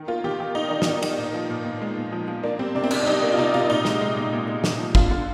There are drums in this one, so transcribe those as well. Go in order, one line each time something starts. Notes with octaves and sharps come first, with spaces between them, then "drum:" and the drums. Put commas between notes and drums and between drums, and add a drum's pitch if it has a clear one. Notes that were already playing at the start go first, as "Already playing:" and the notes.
Already playing: D#3
A#3 F4
D#3 G4
D#3
A#3 D#4
D#3 D4
D#4, drum: snare
D#3
D#3, drum: cymbal
A#2
F3
A#2
A#2
G#3
A#2
F3
F3
A#3 D4
G3 C4
C3 D4
C4
C3 D4, drum: cymbal
D4
G3 D#4
A#3 D4
F4
C3 D#4
C3 F4
A#2 D#4
G#3, drum: snare
G#3
A#2
A#2
G#3
A#2, drum: snare
F3
D3 F4, drum: kick
D3